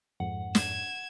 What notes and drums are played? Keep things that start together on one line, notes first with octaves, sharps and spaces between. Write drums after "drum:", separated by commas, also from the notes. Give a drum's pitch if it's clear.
F2 G#2 F#5
G#6 E7, drum: snare